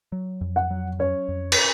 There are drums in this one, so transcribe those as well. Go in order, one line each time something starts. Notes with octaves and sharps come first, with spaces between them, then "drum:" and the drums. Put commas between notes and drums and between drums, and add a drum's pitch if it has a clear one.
F#3
F2
F#5
F#3
C#4 C#5
F2
drum: cymbal